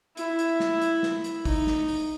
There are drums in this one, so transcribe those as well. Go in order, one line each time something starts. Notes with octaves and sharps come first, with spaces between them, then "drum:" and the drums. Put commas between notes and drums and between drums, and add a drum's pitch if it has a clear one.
E4, drum: hi-hat
drum: hi-hat
drum: snare
drum: hi-hat
drum: snare
drum: hi-hat
D#4, drum: kick, open hi-hat
drum: snare
drum: open hi-hat